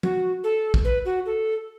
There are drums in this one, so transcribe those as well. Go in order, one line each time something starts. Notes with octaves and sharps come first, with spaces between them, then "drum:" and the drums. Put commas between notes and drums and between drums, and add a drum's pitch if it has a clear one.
F#4, drum: tom
A4
drum: kick
B4
F#4
A4